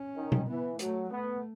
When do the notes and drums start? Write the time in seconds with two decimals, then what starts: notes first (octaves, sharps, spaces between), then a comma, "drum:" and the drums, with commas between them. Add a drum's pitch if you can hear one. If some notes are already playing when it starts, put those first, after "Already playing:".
Already playing: C#4
0.16 D#3
0.32 drum: tom B2
0.47 E3 B3
0.79 F#3 A3, drum: hi-hat
1.10 A3 B3